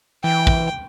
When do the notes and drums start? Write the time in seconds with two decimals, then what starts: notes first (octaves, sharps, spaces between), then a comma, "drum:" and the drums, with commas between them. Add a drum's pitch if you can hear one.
0.24 E3 G5
0.47 drum: kick